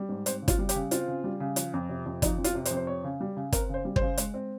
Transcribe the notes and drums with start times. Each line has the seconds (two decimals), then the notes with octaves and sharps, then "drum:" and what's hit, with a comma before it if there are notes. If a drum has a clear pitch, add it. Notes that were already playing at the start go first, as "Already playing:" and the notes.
Already playing: G3
0.09 G#2
0.26 C4 C5, drum: hi-hat
0.42 C#3
0.48 F4, drum: kick, hi-hat
0.59 G3
0.69 G4, drum: hi-hat
0.75 C#3
0.91 C4 F4, drum: hi-hat
1.08 C#3
1.24 G3
1.40 C#3
1.56 F3, drum: hi-hat
1.74 F2
1.89 C3
2.06 F2
2.22 F3 D#4, drum: kick, hi-hat
2.38 F2
2.44 F4, drum: hi-hat
2.55 C3
2.65 C5, drum: hi-hat
2.71 F2
2.77 C5
2.87 C4 C#5
3.04 C#3
3.20 G3
3.37 C#3
3.52 C4 A#4, drum: kick, hi-hat
3.69 C#3 C5
3.85 G3
3.96 C5, drum: kick
4.01 C#3
4.17 G#3, drum: hi-hat
4.34 C4